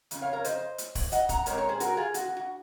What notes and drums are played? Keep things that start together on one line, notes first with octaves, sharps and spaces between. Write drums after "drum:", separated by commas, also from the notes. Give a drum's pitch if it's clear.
F2 C#3, drum: hi-hat
C#5 F5
A#4 C#5
C5 D#5, drum: hi-hat
drum: hi-hat
drum: kick, open hi-hat
D#5 F#5, drum: hi-hat
F#5 A#5, drum: kick, hi-hat
A#2 G#3 C4 A#4 C#5, drum: hi-hat
A#4 C#5
G#4 C5
F#4 A#4, drum: hi-hat
F4 G#4
F#4, drum: hi-hat
F#4
F#4